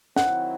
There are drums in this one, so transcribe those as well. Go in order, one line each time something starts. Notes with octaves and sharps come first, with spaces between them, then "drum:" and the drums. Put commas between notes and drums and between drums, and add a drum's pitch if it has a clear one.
D#3 F#3 C4 E4 F#5, drum: snare